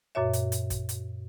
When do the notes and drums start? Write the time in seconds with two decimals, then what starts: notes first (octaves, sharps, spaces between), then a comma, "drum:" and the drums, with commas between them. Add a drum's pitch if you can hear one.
0.15 F#2 A#2 F#4 C#5 E5
0.33 drum: hi-hat
0.52 drum: hi-hat
0.70 drum: kick, hi-hat
0.89 drum: hi-hat